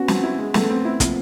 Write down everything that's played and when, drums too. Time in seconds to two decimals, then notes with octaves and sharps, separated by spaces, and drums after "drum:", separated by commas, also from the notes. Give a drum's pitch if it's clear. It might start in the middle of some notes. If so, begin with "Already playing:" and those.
Already playing: B3 C#4 F#4
0.08 C4, drum: snare
0.23 E4
0.39 G#3
0.54 A3 B3 A4, drum: snare
0.70 C4
0.85 E4
1.00 F3 A#3 C4, drum: kick, hi-hat